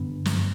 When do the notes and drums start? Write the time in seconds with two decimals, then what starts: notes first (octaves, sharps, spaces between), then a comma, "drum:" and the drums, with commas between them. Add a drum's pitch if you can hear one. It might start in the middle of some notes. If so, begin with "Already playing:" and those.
Already playing: G2 D3 B3
0.25 drum: snare